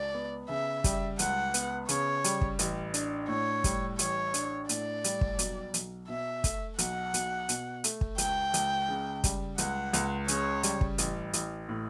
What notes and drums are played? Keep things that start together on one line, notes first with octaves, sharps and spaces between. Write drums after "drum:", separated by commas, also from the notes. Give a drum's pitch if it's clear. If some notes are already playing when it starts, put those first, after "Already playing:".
Already playing: C#2 D5
B3
C#3 E5
G3, drum: kick, hi-hat
C#2 F#5, drum: hi-hat
B3, drum: hi-hat
C#3 C#5, drum: hi-hat
G3, drum: hi-hat
drum: kick
A1, drum: hi-hat
D4, drum: hi-hat
A2 C#5
G3, drum: kick, hi-hat
A1 C#5, drum: hi-hat
D4, drum: hi-hat
A2 D5, drum: hi-hat
G3, drum: hi-hat
drum: kick
B1, drum: hi-hat
B1, drum: hi-hat
B2 E5
A3, drum: kick, hi-hat
B1 F#5, drum: hi-hat
B1, drum: hi-hat
B2, drum: hi-hat
A3, drum: hi-hat
drum: kick
C#2 G5, drum: hi-hat
C#2, drum: hi-hat
C#3
G3, drum: kick, hi-hat
C#2 F#5, drum: hi-hat
C#2, drum: hi-hat
C#3 C#5, drum: hi-hat
G3, drum: hi-hat
drum: kick
A1, drum: hi-hat
A1, drum: hi-hat
A2